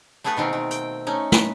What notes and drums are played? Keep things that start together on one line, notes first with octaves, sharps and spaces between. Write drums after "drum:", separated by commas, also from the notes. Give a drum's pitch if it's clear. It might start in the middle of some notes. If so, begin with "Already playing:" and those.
A3 B3 G#4 A4 B4
B2 D#3 C4 F4
D#3
G5, drum: hi-hat
A3 C#4 D#4
B4, drum: snare